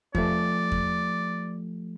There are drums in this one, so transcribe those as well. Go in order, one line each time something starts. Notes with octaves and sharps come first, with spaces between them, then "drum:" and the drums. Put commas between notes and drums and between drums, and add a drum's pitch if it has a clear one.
F3 A3 D5, drum: kick E2
drum: kick E2